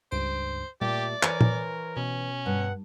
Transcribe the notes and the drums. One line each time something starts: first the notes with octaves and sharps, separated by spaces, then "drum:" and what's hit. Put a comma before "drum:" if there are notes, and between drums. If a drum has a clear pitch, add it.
C#2 G2 C5 D7
A#2 G3 A3 G4 D5
E3 A#4 C5 C#5 G#5, drum: clap
drum: tom
B2 C#4
G2 F#5